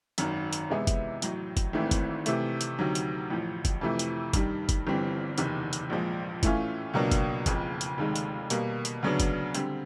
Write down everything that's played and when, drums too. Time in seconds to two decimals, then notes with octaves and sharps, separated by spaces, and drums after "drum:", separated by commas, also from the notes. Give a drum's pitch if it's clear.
0.18 G#1 F#2 D#3, drum: hi-hat
0.53 drum: hi-hat
0.70 C3 E3 G#3 B3 E4
0.87 drum: kick, hi-hat
1.22 A1 A2 F#3, drum: hi-hat
1.57 drum: kick, hi-hat
1.73 G#1 G#2 E3 A3 C4
1.91 drum: kick, hi-hat
2.26 C3 E3 A3, drum: hi-hat
2.61 drum: hi-hat
2.79 D2 C3 D#3 F#3
2.95 drum: hi-hat
3.30 A1 A2 F3
3.65 drum: kick, hi-hat
3.81 F2 C3 E3 A3
3.99 drum: hi-hat
4.33 G2 D#3 G3, drum: kick, hi-hat
4.69 drum: kick, hi-hat
4.87 G1 G2 E3 G3 C4
5.38 F#1 E2 C3 D#3, drum: hi-hat
5.73 drum: hi-hat
5.90 A#1 A#2 F3 G#3
6.43 A2 E3 A3 C#4 F4, drum: kick, hi-hat
6.94 C#2 B2 F#3 A#3 D4
7.11 drum: kick, hi-hat
7.46 F#1 F2 C#3, drum: kick, hi-hat
7.81 drum: hi-hat
7.98 F1 D#2 D#3 G#3
8.16 drum: hi-hat
8.50 B2 G3 A#3, drum: hi-hat
8.85 drum: hi-hat
9.03 D2 C#3 F#3 B3 D4
9.20 drum: kick, hi-hat
9.54 D3 G3 C4, drum: hi-hat